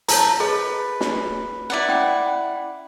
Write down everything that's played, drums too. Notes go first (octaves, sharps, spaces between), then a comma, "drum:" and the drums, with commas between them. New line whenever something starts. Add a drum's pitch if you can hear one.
C#5 A5 A#5, drum: hi-hat
G#4 B4 D#5 B5
drum: snare
E4 D5 F#5
C#4 G5